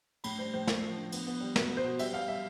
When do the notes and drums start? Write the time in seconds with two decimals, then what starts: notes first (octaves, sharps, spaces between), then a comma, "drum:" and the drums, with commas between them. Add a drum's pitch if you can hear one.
0.24 A2 B5, drum: cymbal
0.39 G3 C5
0.54 A2 C5
0.67 A3, drum: snare
0.82 F3
0.97 D3
1.12 B3, drum: cymbal
1.27 B3
1.40 G3
1.56 B2 B4, drum: snare
1.70 B3
1.77 C5
1.84 B2
1.99 G3 E5, drum: cymbal
2.13 G3 F5
2.28 G3 E5